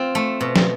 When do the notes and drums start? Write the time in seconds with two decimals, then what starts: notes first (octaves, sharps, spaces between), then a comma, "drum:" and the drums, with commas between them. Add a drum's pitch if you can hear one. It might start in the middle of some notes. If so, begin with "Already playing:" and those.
Already playing: C4 F4
0.15 A3
0.41 B2
0.56 drum: snare